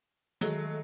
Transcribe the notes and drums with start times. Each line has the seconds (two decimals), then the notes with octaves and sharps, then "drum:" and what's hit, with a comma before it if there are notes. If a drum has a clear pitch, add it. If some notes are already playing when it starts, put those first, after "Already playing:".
0.41 D#3 F#3 G#3 A3, drum: hi-hat